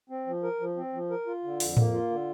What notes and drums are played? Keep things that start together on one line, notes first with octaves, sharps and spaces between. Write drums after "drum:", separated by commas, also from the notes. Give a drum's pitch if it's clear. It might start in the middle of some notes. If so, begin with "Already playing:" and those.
C4
F3
A#4
F3
C4
F3
A#4
F4
D3
F2, drum: open hi-hat
A#3, drum: tom A2
F4
D3